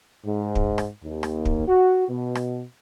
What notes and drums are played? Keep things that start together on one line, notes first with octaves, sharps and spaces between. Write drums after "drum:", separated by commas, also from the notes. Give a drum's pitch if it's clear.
G#2
drum: kick
drum: rim click
D#2
drum: rim click
drum: kick
F#4
B2
drum: rim click